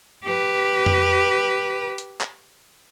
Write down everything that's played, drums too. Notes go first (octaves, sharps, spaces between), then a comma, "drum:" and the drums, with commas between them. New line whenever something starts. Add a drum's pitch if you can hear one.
G4 B4
drum: tom F2
drum: hi-hat
drum: clap